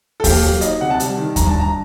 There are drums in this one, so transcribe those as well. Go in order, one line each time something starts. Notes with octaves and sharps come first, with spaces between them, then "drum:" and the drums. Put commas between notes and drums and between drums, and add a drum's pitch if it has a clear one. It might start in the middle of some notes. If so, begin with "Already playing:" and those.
A4
A#3 G4, drum: kick D#2, open hi-hat
F#3
D#4 D#5, drum: hi-hat
C3 F#5
A5
G3, drum: hi-hat
D#3
G2 A#5, drum: kick D#2, hi-hat
A5
G2 A#5